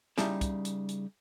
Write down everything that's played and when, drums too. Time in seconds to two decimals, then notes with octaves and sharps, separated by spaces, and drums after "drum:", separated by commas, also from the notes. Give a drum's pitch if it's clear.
0.18 C#3 G3 D#4 E4 G5 A5, drum: snare
0.41 drum: kick, hi-hat
0.65 drum: hi-hat
0.89 drum: hi-hat